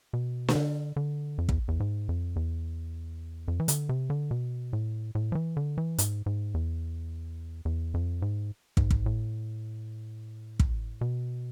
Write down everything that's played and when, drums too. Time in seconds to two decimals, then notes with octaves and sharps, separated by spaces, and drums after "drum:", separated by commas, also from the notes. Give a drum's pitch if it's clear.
0.13 B2
0.48 C3, drum: snare
0.55 D3
0.96 D3
1.38 F2
1.49 E2, drum: kick
1.68 E2
1.80 G#2
2.09 F2
2.36 E2
3.48 F2
3.60 E3
3.68 D3, drum: hi-hat
3.89 C3
4.10 D3
4.31 B2
4.73 A2
5.15 A2
5.32 F3
5.35 E3
5.57 D3
5.78 E3
5.98 G#2, drum: hi-hat
6.26 G#2
6.54 E2
7.65 E2
7.94 F2
8.22 G#2
8.77 G#2, drum: kick
8.91 drum: kick
9.06 A2
10.59 drum: kick
11.01 B2